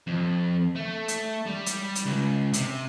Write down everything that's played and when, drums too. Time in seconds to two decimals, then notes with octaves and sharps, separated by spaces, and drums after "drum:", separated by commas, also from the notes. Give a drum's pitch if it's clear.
0.07 F2
0.75 A3
1.08 drum: hi-hat
1.46 G3
1.66 drum: hi-hat
1.95 drum: hi-hat
2.06 C#2
2.53 C3, drum: hi-hat